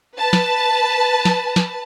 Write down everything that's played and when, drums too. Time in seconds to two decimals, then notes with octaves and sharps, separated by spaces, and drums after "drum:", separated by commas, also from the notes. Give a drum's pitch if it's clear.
0.18 B4 A5
0.33 drum: snare
1.25 drum: snare
1.56 drum: snare